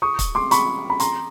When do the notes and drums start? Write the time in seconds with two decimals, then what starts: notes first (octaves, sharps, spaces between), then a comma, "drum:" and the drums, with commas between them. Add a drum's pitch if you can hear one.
0.02 C#6 D#6
0.19 drum: kick, hi-hat
0.35 C6 D6
0.51 B5 C#6, drum: hi-hat
0.90 B5
1.00 A#5 C6, drum: hi-hat